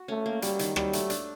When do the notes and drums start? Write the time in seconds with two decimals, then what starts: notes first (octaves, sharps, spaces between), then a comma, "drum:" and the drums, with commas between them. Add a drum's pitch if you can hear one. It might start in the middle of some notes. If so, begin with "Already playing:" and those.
Already playing: F#4
0.08 A3 C#4
0.26 A#3
0.42 F#3 G3, drum: hi-hat
0.59 D#3, drum: hi-hat
0.76 F#3 G3, drum: rim click
0.93 A3, drum: hi-hat
1.10 D4, drum: hi-hat